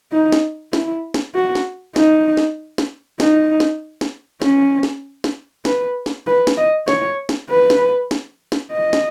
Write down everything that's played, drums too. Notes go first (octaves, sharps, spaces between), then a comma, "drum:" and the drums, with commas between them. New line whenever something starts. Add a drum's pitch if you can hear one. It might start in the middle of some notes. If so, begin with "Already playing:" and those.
D#4
drum: snare
E4, drum: snare
drum: snare
F#4
drum: snare
D#4, drum: snare
drum: snare
drum: snare
D#4, drum: snare
drum: snare
drum: snare
C#4, drum: snare
drum: snare
drum: snare
B4, drum: snare
drum: snare
B4
drum: snare
D#5
C#5, drum: snare
drum: snare
B4
drum: snare
drum: snare
drum: snare
D#5
drum: snare